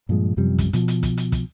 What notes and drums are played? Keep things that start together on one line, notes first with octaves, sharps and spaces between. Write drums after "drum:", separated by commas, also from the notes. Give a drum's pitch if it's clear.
G2 A#2 F3 G#3
F#2 C3 F3 G3
drum: kick, hi-hat
B2 F3, drum: hi-hat
drum: hi-hat
drum: kick, hi-hat
drum: hi-hat
drum: kick, hi-hat